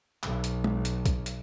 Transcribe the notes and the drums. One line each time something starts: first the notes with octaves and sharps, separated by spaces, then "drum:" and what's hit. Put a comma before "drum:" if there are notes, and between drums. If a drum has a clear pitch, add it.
B1, drum: clap
drum: hi-hat
drum: tom G#3
drum: hi-hat
drum: kick, hi-hat
drum: hi-hat